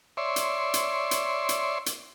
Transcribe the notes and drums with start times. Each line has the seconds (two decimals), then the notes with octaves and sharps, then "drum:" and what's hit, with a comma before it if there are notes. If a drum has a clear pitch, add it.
0.17 C#5 D5 E5 C6
0.36 drum: hi-hat
0.74 drum: hi-hat
1.11 drum: hi-hat
1.49 drum: hi-hat
1.86 drum: hi-hat